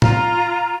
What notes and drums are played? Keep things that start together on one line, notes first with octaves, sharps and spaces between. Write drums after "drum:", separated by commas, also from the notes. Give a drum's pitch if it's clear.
F4 A#5, drum: tom A2